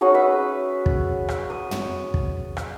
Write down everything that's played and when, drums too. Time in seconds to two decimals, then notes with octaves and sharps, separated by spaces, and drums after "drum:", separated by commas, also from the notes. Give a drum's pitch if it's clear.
0.01 C#4 D#4 F#4 G#4
0.14 B4 E5
0.86 drum: kick
1.28 drum: rim click
1.50 D#6
1.71 drum: tom
2.14 drum: kick
2.57 drum: rim click